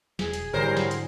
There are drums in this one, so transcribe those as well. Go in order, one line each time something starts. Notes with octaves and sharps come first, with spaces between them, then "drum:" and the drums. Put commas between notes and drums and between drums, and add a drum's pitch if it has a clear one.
E1 G#4, drum: snare
drum: hi-hat
G#2 D3 E3 F#3 G3 A#4 C5
drum: snare
drum: hi-hat